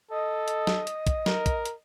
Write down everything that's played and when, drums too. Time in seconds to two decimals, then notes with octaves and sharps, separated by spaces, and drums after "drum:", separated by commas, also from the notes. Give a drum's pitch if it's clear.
0.11 A4 D#5
0.48 drum: hi-hat
0.67 drum: snare
0.87 drum: hi-hat
1.07 drum: kick, hi-hat
1.26 A#4, drum: snare
1.46 drum: kick, hi-hat
1.65 drum: hi-hat